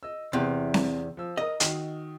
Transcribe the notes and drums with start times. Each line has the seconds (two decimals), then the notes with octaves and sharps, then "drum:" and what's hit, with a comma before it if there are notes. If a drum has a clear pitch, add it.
0.03 D#5 E6
0.33 E2 C3 E3 E4
0.74 drum: snare C4
1.17 F3 E6
1.37 A#4 D#5 D#6
1.60 D#3 F#4, drum: hi-hat